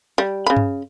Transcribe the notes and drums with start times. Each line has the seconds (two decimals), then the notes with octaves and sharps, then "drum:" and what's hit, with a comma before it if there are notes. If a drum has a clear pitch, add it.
0.18 G3
0.46 C#3 B5
0.57 drum: tom G2